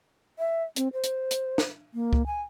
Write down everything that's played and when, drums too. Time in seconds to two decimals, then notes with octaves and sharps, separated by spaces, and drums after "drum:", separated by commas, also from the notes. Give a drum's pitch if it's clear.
0.39 E5
0.76 C4, drum: hi-hat
0.93 C5
1.04 drum: hi-hat
1.31 drum: hi-hat
1.58 drum: snare
1.94 A#3
2.13 drum: kick C#2
2.26 G#5